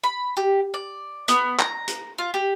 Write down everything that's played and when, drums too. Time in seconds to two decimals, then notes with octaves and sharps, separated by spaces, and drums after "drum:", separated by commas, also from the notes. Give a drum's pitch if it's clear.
0.04 B5
0.37 G4
0.74 D5
1.28 B3, drum: hi-hat
1.59 A#5, drum: clap
1.88 drum: hi-hat
2.18 F4
2.34 G4